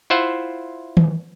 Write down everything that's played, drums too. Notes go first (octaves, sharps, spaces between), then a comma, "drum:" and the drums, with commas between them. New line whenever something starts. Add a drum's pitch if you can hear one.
E4 F4 C5 E5 F#5
drum: tom D#3